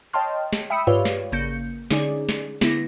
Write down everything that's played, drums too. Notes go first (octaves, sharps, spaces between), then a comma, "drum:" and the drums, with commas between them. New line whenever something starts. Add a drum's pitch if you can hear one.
C#5 D#5 G5 A5 C6 F6
drum: snare
E5 G5 B5 D#6 E6 C#7
F4 G4 B4 C#5 D5 F5, drum: tom G2
drum: snare
G#1 C#3 A#3 G6 C#7
D3 C#4 D#4 G#4 D5, drum: snare
drum: snare
D3 B3 E4 A#6, drum: snare